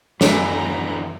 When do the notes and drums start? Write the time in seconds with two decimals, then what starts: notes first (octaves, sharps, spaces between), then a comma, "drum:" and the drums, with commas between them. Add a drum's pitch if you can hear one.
0.21 F#2 D3 E3 B3 A#5, drum: snare